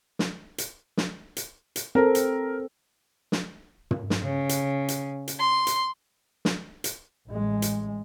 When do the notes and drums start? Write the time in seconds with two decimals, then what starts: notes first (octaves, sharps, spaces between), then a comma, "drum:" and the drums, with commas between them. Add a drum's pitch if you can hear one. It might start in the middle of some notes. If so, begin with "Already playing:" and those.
0.19 drum: snare
0.58 drum: hi-hat
0.97 drum: snare
1.37 drum: hi-hat
1.76 drum: hi-hat
1.95 C4 A4 A#4
2.15 drum: hi-hat
3.32 drum: snare
3.91 drum: tom
4.10 drum: snare
4.22 C#3
4.49 drum: hi-hat
4.88 drum: hi-hat
5.28 drum: hi-hat
5.39 C6
5.67 drum: hi-hat
6.45 drum: snare
6.84 drum: hi-hat
7.29 A1 G#3
7.62 drum: hi-hat